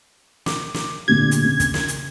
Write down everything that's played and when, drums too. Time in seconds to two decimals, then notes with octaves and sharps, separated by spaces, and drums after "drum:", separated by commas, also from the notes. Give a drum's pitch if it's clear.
0.46 D6, drum: snare
0.74 drum: snare
1.08 A#2 D3 G4 G#6
1.31 drum: hi-hat
1.45 C#3
1.60 drum: kick, hi-hat
1.74 drum: snare
1.88 drum: hi-hat